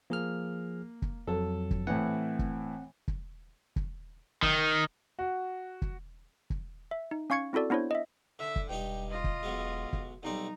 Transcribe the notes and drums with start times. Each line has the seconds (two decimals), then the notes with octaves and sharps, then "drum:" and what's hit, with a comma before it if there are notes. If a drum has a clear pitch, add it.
0.10 F3 A#3 G#4 F6
1.02 drum: kick
1.27 F2 F#3 A4
1.71 drum: kick
1.87 A2 E3 C4 F#5
2.39 drum: kick
3.08 drum: kick
3.76 drum: kick
4.43 D#3, drum: kick
5.19 F#4
5.82 drum: kick
6.50 drum: kick
6.91 E5
7.11 D#4
7.30 C#4 F5 C#6 G#6 C#7
7.53 C4 E4 F#4 A4 D5
7.70 B3 D4 E4 C5 C#5
7.91 D#5 E5
8.39 D3 E5
8.56 drum: kick
8.70 E1 G2 D#4 G4 G5
9.10 F4 D#5
9.24 drum: kick
9.43 B1 F#3 G#3
9.93 drum: kick
10.23 B1 G3 C4 D#4